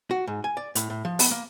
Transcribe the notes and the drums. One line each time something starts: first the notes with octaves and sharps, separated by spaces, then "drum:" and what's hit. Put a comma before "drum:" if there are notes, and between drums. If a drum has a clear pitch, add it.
F#4
G#2
G#5
D5
A2, drum: hi-hat
A2
F3
B3, drum: open hi-hat
A#3